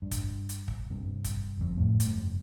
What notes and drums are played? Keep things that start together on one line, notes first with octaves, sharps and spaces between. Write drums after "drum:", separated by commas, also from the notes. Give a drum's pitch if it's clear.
G2
drum: kick, hi-hat
drum: hi-hat
drum: kick
G2 C3
drum: kick, hi-hat
G1 F2
F2 A2 C3
F1 G2 A3, drum: hi-hat